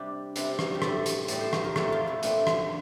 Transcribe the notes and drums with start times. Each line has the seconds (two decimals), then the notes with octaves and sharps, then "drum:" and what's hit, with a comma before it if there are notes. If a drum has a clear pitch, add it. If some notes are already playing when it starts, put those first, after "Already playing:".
Already playing: C3 G3 D4 G4
0.36 C3 G3 D4, drum: hi-hat
0.59 drum: rim click
0.75 G4
0.82 A2 G3 C4 A4, drum: rim click
1.06 drum: hi-hat
1.28 A2 G3 C4 D5, drum: hi-hat
1.40 C5
1.53 C5, drum: rim click
1.64 A#4
1.76 A#2 A3 C4 A4, drum: rim click
1.92 F4
2.08 E4
2.23 A#2 A3 C4 D4, drum: hi-hat
2.47 drum: rim click